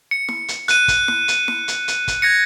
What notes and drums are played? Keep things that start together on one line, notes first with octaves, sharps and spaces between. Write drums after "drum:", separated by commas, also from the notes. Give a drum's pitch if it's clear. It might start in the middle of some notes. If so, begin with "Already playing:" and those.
C#7
drum: snare
drum: hi-hat
F#6 D#7, drum: hi-hat
drum: kick, hi-hat
drum: snare
drum: hi-hat
drum: snare
drum: hi-hat
drum: hi-hat
drum: kick, hi-hat
G#6 A#6 C#7